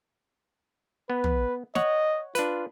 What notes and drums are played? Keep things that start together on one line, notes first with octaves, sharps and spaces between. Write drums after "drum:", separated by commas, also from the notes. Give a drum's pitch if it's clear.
B3 B4
drum: tom
C#5 D#5 F#5, drum: snare
D4 F4 B4, drum: hi-hat